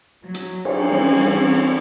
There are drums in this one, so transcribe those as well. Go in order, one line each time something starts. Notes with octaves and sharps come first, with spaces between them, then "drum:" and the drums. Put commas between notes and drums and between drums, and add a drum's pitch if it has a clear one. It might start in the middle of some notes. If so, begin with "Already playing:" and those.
F#3
drum: hi-hat
drum: cymbal
E3 G3 C4 C#4
C4